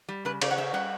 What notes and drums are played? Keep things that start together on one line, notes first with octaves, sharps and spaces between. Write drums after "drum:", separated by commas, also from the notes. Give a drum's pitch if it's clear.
G3
C#3 B4
C#3 D5, drum: cymbal
F#5
C#4 E5
G3 F#5